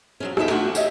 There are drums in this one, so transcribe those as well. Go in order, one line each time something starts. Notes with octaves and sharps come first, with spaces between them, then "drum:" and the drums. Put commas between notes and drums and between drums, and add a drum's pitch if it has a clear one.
F3 F#3 C#4
E2 D#4 A4 C5 E5 G5, drum: rim click
A3 D4 F4 F#4 F#5 G#5
G4 C#5 D#5 E5, drum: tambourine